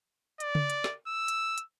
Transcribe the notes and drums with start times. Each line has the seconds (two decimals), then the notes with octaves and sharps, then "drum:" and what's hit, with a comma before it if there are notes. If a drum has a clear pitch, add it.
0.40 D5, drum: hi-hat
0.55 drum: tom C#3
0.70 drum: hi-hat
0.84 drum: snare
1.07 E6
1.28 drum: hi-hat
1.58 drum: hi-hat